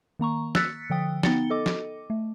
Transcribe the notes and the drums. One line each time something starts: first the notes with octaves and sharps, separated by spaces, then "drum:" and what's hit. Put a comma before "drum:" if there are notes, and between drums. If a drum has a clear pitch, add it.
D#3 A#3 A#5 C#6
E6 F#6 A6 B6 C#7, drum: snare
D3 F3 G5 D#6
B3 D#4 G5 A6 C#7 G7, drum: snare
A4 D#5 D6
drum: snare
A3